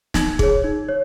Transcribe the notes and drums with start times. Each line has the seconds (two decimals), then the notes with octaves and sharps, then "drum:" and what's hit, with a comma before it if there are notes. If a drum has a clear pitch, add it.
0.14 D#4, drum: snare
0.39 G#4 C#5, drum: kick
0.64 D#4
0.89 C#5